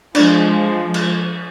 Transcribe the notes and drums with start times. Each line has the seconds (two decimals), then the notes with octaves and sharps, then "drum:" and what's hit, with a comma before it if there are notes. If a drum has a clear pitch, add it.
0.15 F3 G#3 D4 D5, drum: cymbal
0.94 drum: cymbal